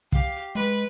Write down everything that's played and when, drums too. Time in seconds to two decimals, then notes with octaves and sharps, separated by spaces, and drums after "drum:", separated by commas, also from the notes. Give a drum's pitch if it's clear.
0.12 G4 F5, drum: kick
0.55 G#3 B4